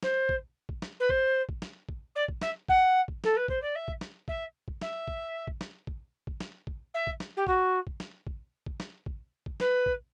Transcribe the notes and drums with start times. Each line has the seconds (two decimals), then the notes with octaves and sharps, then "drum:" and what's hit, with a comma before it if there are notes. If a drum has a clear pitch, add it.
0.03 C5, drum: snare
0.29 drum: kick
0.69 drum: kick
0.82 drum: snare
0.99 B4
1.09 C5, drum: kick
1.49 drum: kick
1.62 drum: snare
1.89 drum: kick
2.15 D5
2.28 drum: kick
2.41 E5, drum: snare
2.68 F#5, drum: kick
3.08 drum: kick
3.24 A4, drum: snare
3.36 B4
3.48 C5, drum: kick
3.61 D5
3.75 E5
3.88 drum: kick
4.01 drum: snare
4.28 E5, drum: kick
4.68 drum: kick
4.81 E5, drum: snare
5.08 drum: kick
5.47 drum: kick
5.61 drum: snare
5.87 drum: kick
6.27 drum: kick
6.40 drum: snare
6.67 drum: kick
6.94 E5
7.07 drum: kick
7.20 drum: snare
7.36 G4
7.47 F#4, drum: kick
7.87 drum: kick
8.00 drum: snare
8.27 drum: kick
8.66 drum: kick
8.80 drum: snare
9.06 drum: kick
9.46 drum: kick
9.60 B4, drum: snare
9.86 drum: kick